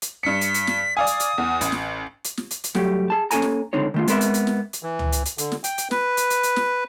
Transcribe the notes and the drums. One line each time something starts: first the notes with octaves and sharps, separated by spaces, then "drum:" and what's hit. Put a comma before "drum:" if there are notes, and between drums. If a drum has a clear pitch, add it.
drum: hi-hat
G2 B6 C#7
drum: hi-hat
drum: hi-hat
drum: snare
D5 F5 G#5 D#6
drum: hi-hat
drum: hi-hat
E2
A1, drum: hi-hat
drum: snare
drum: hi-hat
drum: snare
drum: hi-hat
drum: hi-hat
G2 F#3 A3 G4, drum: snare
G#4 A5
A#3 C#4 D#4 A4 G#5 A#5, drum: hi-hat
drum: snare
C#2 D3 C4 D#4 C#5
D#3 A3 F4
G#3 B3 C4 A#4 B4 E5, drum: hi-hat
drum: hi-hat
drum: hi-hat
drum: snare
drum: hi-hat
E3
drum: tom C#2
drum: hi-hat
drum: hi-hat
D3, drum: hi-hat
drum: snare
G5, drum: hi-hat
drum: hi-hat
B4, drum: snare
drum: hi-hat
drum: hi-hat
drum: hi-hat
drum: snare